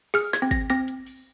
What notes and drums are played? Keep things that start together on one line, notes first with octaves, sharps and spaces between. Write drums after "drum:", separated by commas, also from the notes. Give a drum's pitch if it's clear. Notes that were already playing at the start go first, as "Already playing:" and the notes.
G#4 F6, drum: open hi-hat
G#6, drum: snare
C4
A#6, drum: kick, hi-hat
C4 A#6, drum: hi-hat
drum: hi-hat
drum: open hi-hat